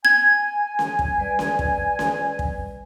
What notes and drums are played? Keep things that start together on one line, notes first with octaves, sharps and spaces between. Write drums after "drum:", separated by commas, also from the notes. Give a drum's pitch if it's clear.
G#5 G#6
drum: snare C#4
drum: kick
G3 B4 D5
drum: snare C#4
drum: kick
drum: snare C#4
drum: kick